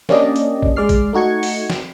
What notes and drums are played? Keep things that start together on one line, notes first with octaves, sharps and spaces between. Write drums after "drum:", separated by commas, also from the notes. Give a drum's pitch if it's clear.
A#3 C#4 D4 G4 D5 D#5, drum: snare
drum: hi-hat
drum: kick A1
G#3 D5 D6 F6 C7
drum: kick A1, hi-hat
A3 D#4 F#4 G#6 C#7
drum: open hi-hat
drum: snare